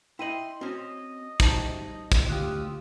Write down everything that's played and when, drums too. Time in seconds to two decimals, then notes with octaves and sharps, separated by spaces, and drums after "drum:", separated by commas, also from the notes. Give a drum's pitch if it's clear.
0.19 E4 D#5 G5 C6 D#7 F#7
0.61 C4 C#4 F#4 D#5 D#6
1.40 G3 D#4 F#4 C5 A5, drum: kick, hi-hat
2.12 drum: kick, hi-hat
2.29 D2 F4 G4 D#6 E6 F#6